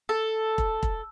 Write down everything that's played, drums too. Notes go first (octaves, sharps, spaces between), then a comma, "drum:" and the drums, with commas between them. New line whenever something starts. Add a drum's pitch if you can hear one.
A4
drum: kick
drum: kick